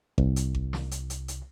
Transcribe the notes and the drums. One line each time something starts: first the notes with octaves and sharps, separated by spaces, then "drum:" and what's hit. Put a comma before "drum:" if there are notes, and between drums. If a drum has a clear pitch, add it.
C2, drum: kick G#1
drum: hi-hat
drum: kick G#1
drum: snare
drum: hi-hat
drum: hi-hat
drum: hi-hat